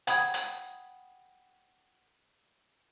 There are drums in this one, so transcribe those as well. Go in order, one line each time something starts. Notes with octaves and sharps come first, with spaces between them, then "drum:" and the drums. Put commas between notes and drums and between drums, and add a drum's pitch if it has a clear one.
F#5 G5 B5 D#6 G#6, drum: hi-hat
drum: hi-hat